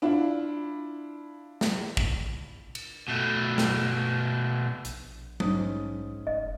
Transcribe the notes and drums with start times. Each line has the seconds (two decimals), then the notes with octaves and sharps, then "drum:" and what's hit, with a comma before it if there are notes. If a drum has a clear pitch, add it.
0.02 D4 E4 F4
1.61 drum: snare
1.97 drum: kick
2.75 drum: cymbal
3.08 B2 A3
3.58 drum: snare
4.85 A#1, drum: hi-hat
5.40 G#2 C#4 D#6, drum: tom F#3
6.27 F1 D#5